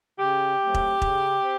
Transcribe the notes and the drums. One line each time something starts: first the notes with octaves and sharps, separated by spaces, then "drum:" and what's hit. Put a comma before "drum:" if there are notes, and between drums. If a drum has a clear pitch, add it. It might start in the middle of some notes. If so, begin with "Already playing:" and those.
C#3 G4
F#3 A3 C4
drum: kick E1
C#3, drum: kick E1
C4